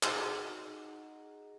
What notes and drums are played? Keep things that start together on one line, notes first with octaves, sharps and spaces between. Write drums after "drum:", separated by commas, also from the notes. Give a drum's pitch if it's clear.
D#4 F#4 G#4, drum: clap